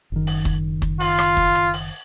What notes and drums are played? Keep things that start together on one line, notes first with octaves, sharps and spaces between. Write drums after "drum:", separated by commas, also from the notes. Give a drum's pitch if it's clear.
F#1 D#3
drum: open hi-hat
drum: kick, hi-hat
drum: kick, hi-hat
F4, drum: open hi-hat
drum: rim click
drum: kick
drum: hi-hat
drum: open hi-hat